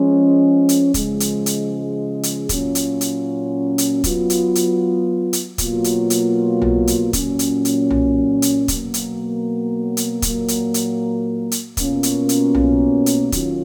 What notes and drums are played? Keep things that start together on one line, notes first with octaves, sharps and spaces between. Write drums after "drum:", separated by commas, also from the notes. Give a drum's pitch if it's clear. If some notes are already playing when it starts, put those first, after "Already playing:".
Already playing: F3 G#3 C#4
drum: hi-hat
C#3 F3 G#3, drum: kick, hi-hat
drum: hi-hat
drum: hi-hat
drum: hi-hat
A#2 F#3 C#4 F4, drum: kick, hi-hat
drum: hi-hat
drum: hi-hat
drum: hi-hat
F#3 B3 F4, drum: kick, hi-hat
drum: hi-hat
drum: hi-hat
drum: hi-hat
B2 F#3 A#3 F4, drum: kick, hi-hat
drum: hi-hat
drum: hi-hat
drum: tom B1
drum: hi-hat
A#2 F#3 C#4, drum: kick, hi-hat
drum: hi-hat
drum: hi-hat
drum: tom B1
drum: hi-hat
B2 F#3 A#3, drum: kick, hi-hat
drum: hi-hat
drum: hi-hat
A#2 F#3 A#3, drum: kick, hi-hat
drum: hi-hat
drum: hi-hat
drum: hi-hat
B2 A#3 C#4 F4, drum: kick, hi-hat
drum: hi-hat
drum: hi-hat
drum: tom B1
drum: hi-hat
D#3 F#3 C#4 F4, drum: kick, hi-hat